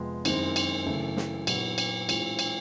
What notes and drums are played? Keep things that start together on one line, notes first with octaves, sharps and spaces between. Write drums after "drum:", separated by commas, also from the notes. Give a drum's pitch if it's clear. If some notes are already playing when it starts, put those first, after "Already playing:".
Already playing: F2 C3 F3 G#3 B3
F#2 D#3 G#3 C4 E4, drum: cymbal
drum: cymbal
F#2 C#3 E3 A3
drum: snare
A#2 F#3 B3 E4, drum: cymbal
drum: cymbal
A2 E3 G#3 C4 F4, drum: cymbal
drum: cymbal